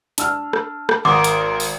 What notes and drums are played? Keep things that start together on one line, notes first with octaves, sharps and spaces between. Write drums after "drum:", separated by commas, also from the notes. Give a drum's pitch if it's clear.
D4 E6 F6, drum: hi-hat
drum: rim click
drum: rim click
G#1 A#4 F#5 C6 D6 D#6
drum: hi-hat
drum: open hi-hat